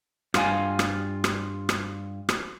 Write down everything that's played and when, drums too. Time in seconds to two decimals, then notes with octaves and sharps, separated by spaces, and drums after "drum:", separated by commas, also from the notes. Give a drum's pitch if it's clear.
0.34 G2 F4 F#4 F5 G#5, drum: rim click
0.79 drum: rim click
1.24 drum: rim click
1.69 drum: rim click
2.29 drum: rim click